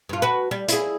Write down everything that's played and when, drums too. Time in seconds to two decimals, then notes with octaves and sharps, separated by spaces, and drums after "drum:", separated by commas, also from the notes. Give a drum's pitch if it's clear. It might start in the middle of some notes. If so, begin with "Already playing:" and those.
0.09 G2 F4
0.22 F#4 B4
0.51 G3
0.68 E4 G#4, drum: hi-hat